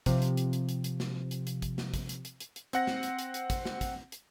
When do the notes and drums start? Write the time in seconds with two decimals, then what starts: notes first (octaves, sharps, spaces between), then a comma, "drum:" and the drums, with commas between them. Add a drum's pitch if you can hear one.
0.06 C3 F3, drum: kick, hi-hat
0.22 drum: hi-hat
0.37 drum: hi-hat
0.53 drum: hi-hat
0.69 drum: hi-hat
0.84 drum: hi-hat
1.00 drum: snare
1.31 drum: hi-hat
1.47 drum: hi-hat
1.62 drum: kick, hi-hat
1.78 drum: snare
1.94 drum: kick, hi-hat
2.09 drum: hi-hat
2.25 drum: hi-hat
2.40 drum: hi-hat
2.56 drum: hi-hat
2.73 C4 F#5 A#6, drum: hi-hat
2.87 drum: snare
3.03 drum: hi-hat
3.19 drum: hi-hat
3.34 drum: hi-hat
3.50 drum: kick, hi-hat
3.65 drum: snare
3.81 drum: kick, hi-hat
4.12 drum: hi-hat